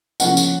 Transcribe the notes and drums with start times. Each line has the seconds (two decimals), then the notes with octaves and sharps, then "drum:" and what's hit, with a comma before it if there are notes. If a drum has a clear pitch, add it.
0.20 C#3 F3 A#3 C#4 F#5, drum: tambourine
0.37 drum: tambourine